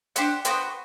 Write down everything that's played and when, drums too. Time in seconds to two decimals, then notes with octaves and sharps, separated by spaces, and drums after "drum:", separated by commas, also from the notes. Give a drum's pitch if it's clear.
0.16 D4 G4 C5 F#5, drum: hi-hat
0.45 B3 F#4 C5 G5, drum: hi-hat